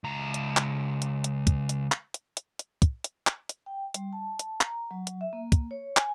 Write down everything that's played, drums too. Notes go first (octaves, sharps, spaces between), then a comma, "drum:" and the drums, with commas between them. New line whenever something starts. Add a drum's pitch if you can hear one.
C#2 A#5
drum: hi-hat
drum: clap
drum: hi-hat
drum: hi-hat
drum: kick, hi-hat
drum: hi-hat
drum: clap
drum: hi-hat
drum: hi-hat
drum: hi-hat
drum: kick, hi-hat
drum: hi-hat
drum: clap
drum: hi-hat
G5
G3, drum: hi-hat
A5
drum: hi-hat
A#5, drum: clap
F#3
drum: hi-hat
E5
A#3
drum: kick, hi-hat
C#5
G#5, drum: clap